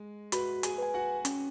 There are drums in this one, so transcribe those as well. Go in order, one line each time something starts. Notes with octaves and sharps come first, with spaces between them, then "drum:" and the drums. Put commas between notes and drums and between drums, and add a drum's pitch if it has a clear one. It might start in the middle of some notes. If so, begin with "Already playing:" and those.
Already playing: G#3
F#4 B4 B5, drum: hi-hat
G#4 G#5, drum: hi-hat
B4 G#5
F#4 F#5
C#4, drum: hi-hat